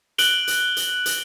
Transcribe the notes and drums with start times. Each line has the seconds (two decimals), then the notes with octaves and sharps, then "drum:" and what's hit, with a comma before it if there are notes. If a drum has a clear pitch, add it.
0.18 F#6 D7 F#7 G7, drum: hi-hat
0.47 drum: hi-hat
0.77 drum: hi-hat
1.06 drum: hi-hat